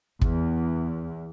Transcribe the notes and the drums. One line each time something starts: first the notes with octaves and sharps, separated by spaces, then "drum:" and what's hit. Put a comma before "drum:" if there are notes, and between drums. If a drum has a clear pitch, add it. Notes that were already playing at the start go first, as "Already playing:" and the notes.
E2, drum: kick